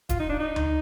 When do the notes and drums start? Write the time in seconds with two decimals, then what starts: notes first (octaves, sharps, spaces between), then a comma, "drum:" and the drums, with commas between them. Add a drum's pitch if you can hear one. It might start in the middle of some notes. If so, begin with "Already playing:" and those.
0.09 F4, drum: kick D#1, hi-hat
0.20 D#4
0.29 D4
0.39 D#4
0.56 drum: tom D2